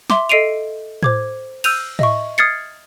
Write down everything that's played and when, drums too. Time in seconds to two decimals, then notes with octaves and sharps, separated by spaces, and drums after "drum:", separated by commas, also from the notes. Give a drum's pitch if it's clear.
0.10 E5 C6 D6, drum: snare
0.29 A4 D#5 C7 D7 D#7 F7
1.03 C5 D6 G#6, drum: tom A2
1.64 E6 F6 G6 D#7 F7, drum: cymbal
1.99 D#5 E5 C#6, drum: tom A2
2.38 D#6 F6 G#6 A6 C7 C#7